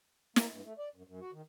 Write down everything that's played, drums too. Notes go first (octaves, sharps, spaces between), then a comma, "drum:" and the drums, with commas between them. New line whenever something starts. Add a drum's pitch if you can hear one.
A#3, drum: snare
G2
A3
D5
F#2
F#2
F#4
D#3